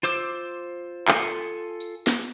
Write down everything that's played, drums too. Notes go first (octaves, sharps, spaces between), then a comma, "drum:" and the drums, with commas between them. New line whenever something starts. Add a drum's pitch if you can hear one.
F4 C5 D6 E6
F4 A4 G#5, drum: clap
drum: tambourine
drum: snare